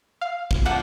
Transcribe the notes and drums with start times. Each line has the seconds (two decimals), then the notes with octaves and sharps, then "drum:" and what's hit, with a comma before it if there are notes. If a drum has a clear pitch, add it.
0.21 F5
0.51 drum: kick
0.65 F3 A#3 D4 F#5